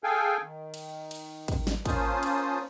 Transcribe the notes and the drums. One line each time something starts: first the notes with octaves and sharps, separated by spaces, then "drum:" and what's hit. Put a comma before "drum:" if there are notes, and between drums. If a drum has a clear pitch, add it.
G#4 A4 F5 G5 G#5
D#3
drum: cymbal
drum: cymbal
drum: kick, cymbal
drum: snare
A#3 C#4 F4 C5 A5 D#6, drum: kick, cymbal
drum: cymbal